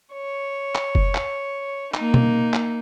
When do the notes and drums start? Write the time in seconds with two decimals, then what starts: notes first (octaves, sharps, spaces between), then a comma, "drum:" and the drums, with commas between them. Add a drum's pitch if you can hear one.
0.14 C#5
0.75 drum: clap
0.95 drum: kick F#1
1.15 drum: clap
1.94 A#3 D#4, drum: clap
2.14 drum: tom B2
2.54 drum: clap